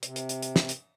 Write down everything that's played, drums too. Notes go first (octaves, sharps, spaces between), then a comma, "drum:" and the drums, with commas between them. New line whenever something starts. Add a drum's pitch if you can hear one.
C3, drum: hi-hat
drum: hi-hat
drum: hi-hat
drum: hi-hat
drum: snare
drum: hi-hat